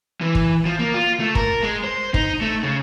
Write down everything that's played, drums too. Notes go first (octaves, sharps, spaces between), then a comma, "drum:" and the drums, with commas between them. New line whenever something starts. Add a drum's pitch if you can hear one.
E3
drum: kick
F3
A#3
F4
A3
A#4, drum: kick
G#3
C5
D#4, drum: kick
A3
C#3